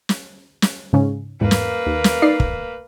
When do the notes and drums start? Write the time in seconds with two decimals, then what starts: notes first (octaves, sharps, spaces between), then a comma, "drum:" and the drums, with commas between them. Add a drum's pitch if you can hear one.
0.09 drum: snare
0.62 drum: snare
0.93 G#2 C#3 C#4
1.41 E2 G#2 A#3 B4
1.51 drum: snare
1.86 D#2
2.04 drum: snare
2.22 D#4 D5 C7
2.40 drum: kick